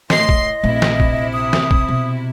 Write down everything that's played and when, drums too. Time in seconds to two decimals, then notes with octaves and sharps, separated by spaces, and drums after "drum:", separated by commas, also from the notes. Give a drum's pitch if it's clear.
0.10 A2 D#5 C6 C7, drum: snare
0.29 drum: kick
0.64 A#1 C3 A3 E4
0.82 drum: snare
1.00 drum: kick
1.33 D#6
1.53 drum: snare
1.71 drum: kick
1.88 B2